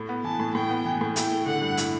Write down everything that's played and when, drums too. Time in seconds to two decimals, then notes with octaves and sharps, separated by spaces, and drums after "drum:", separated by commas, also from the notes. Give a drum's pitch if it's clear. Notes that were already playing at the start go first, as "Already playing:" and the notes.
Already playing: A2
0.09 B3
0.24 E3 A5
0.40 A2
0.55 A2 G5
0.70 B3
0.86 E3
1.01 A2
1.16 E4 G5, drum: hi-hat
1.31 A3
1.46 D3 F#5
1.62 G2
1.77 E4, drum: hi-hat